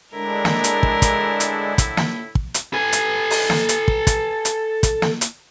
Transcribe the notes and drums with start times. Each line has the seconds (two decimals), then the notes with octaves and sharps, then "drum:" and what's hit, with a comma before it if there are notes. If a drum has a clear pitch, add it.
0.14 A2 D3 G#3 D4 E4 A#4
0.45 drum: snare
0.64 drum: hi-hat
0.83 drum: kick
1.02 drum: kick, hi-hat
1.40 drum: hi-hat
1.78 drum: kick, hi-hat
1.97 drum: snare
2.35 drum: kick
2.54 drum: hi-hat
2.73 A4 G#5
2.92 drum: hi-hat
3.31 drum: open hi-hat
3.50 drum: snare
3.69 drum: hi-hat
3.88 drum: kick
4.07 drum: kick, hi-hat
4.45 drum: hi-hat
4.83 drum: kick, hi-hat
5.02 drum: snare
5.21 drum: hi-hat